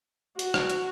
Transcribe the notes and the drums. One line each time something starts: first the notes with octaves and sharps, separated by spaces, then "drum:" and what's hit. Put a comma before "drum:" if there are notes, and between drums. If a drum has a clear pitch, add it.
F#4, drum: hi-hat
drum: rim click
drum: hi-hat